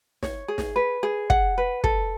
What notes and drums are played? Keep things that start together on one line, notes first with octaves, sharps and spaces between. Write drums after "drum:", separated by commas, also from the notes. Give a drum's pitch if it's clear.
C#5, drum: snare
G#4
drum: snare
B4
G#4
F#5, drum: kick
B4
A4, drum: kick